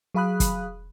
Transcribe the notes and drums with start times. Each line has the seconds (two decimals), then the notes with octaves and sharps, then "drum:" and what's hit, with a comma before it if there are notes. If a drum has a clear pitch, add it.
0.14 F#3 G#4 F5 B5 D#6 F#6
0.40 drum: kick, hi-hat